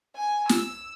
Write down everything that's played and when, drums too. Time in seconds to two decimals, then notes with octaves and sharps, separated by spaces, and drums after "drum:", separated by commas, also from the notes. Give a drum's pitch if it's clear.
0.17 G#5
0.49 E6, drum: snare